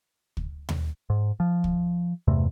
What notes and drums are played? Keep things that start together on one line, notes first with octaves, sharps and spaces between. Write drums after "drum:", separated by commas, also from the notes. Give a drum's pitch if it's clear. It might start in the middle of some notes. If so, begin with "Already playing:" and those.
drum: kick
drum: tom D#2
G#2
F3
drum: kick
E2 G2 C3 A3